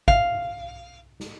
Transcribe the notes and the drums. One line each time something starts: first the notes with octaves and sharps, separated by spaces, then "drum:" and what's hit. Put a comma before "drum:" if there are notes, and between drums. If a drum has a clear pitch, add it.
F5, drum: kick
drum: snare